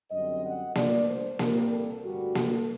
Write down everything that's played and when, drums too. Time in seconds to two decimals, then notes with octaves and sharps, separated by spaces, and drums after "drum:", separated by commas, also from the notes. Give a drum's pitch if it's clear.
0.11 F#2 D3 G3 C4 D#5
0.44 F#5
0.75 G1 G2 D3 A3 D5, drum: snare A#3
1.07 C5
1.39 C2 A#2 G3 A#3 A#4, drum: snare A#3
1.71 A4
2.03 A1 G2 D3 G3 F#4
2.35 A4, drum: snare A#3